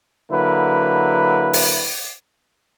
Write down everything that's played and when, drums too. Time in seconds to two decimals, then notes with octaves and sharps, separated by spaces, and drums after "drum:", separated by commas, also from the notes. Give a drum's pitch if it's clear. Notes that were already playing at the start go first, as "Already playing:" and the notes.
0.30 D3 F#3 A#3 E4 B4
1.53 drum: open hi-hat